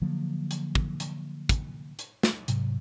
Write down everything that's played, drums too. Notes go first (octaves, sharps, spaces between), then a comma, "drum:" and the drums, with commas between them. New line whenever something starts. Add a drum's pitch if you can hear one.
D3 F3 F#3 A#3
drum: hi-hat
drum: kick
drum: hi-hat
drum: kick, hi-hat
drum: hi-hat
drum: snare
G#2 C3 F#3, drum: hi-hat